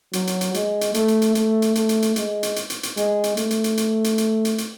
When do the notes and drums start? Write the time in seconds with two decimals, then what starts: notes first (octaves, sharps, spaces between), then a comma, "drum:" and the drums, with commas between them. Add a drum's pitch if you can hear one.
0.13 F#3, drum: hi-hat
0.27 drum: hi-hat
0.41 drum: hi-hat
0.54 G#3, drum: hi-hat
0.81 drum: hi-hat
0.94 A3, drum: hi-hat
1.08 drum: hi-hat
1.22 drum: hi-hat
1.35 A3, drum: hi-hat
1.62 drum: hi-hat
1.75 A3, drum: hi-hat
1.89 drum: hi-hat
2.02 drum: hi-hat
2.16 G#3, drum: hi-hat
2.43 drum: hi-hat
2.56 drum: hi-hat
2.70 drum: hi-hat
2.83 drum: hi-hat
2.97 G#3, drum: hi-hat
3.24 drum: hi-hat
3.37 A3, drum: hi-hat
3.51 drum: hi-hat
3.64 drum: hi-hat
3.77 drum: hi-hat
4.04 drum: hi-hat
4.18 drum: hi-hat
4.45 drum: hi-hat
4.58 drum: hi-hat